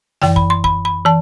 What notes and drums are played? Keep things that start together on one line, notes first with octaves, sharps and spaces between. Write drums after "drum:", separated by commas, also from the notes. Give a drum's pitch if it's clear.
F#2 E3 G5, drum: snare
B5, drum: kick
C6
B5, drum: kick
B5
E3 A5